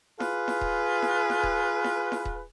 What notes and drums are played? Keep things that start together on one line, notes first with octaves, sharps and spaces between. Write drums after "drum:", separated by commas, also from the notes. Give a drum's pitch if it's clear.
F4 G#4 B4, drum: snare E4
drum: snare E4
drum: kick D#1
drum: snare E4
drum: snare E4
drum: kick D#1
drum: snare E4
drum: snare E4
drum: kick D#1